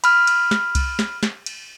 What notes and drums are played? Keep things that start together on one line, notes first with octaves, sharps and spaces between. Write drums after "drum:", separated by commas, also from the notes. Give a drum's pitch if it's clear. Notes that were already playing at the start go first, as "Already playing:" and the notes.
B5 F6, drum: cymbal
drum: cymbal
drum: snare
drum: kick C2, cymbal
drum: snare
drum: snare
drum: cymbal